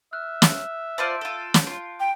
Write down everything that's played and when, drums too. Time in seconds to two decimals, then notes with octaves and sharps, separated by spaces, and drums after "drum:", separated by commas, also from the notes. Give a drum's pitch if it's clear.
0.13 E5 F6 F#6
0.42 drum: snare
0.98 F4 C5 D5 A5 G6 D7
1.21 F4 A4
1.54 drum: snare
1.67 F4
2.00 G5